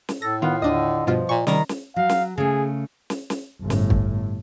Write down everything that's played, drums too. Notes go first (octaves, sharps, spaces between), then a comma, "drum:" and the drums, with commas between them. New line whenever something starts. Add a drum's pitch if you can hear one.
drum: snare
A2 A4 A#6
D#3 B3 F4
D#2 D3 D4 D#5
G2 B2 F3 F4
A#2 C#6
C3 D#3 G3 A#5, drum: snare
drum: snare
F#3 F5
drum: snare
C#3 A3 G#4
drum: snare
drum: snare
G1 A2
drum: snare
drum: kick